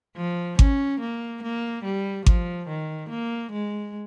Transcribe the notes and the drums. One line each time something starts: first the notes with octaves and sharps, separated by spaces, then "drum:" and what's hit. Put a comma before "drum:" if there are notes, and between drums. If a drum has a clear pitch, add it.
F3
C#4, drum: kick G#1
A#3
A#3
G3
F3, drum: kick G#1
D#3
A#3
G#3